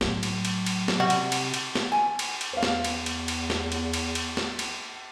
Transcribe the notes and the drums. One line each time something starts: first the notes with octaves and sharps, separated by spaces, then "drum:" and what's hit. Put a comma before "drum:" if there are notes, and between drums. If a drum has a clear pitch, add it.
A2 F#3, drum: snare
drum: cymbal
drum: cymbal
drum: cymbal
drum: snare
C3 G3 F#4
drum: cymbal
drum: cymbal
drum: cymbal
drum: snare
G#5
drum: cymbal
drum: cymbal
E2 B4 F5
drum: snare
drum: cymbal
drum: cymbal
drum: cymbal
drum: snare
drum: cymbal
drum: cymbal
drum: cymbal
drum: snare
drum: cymbal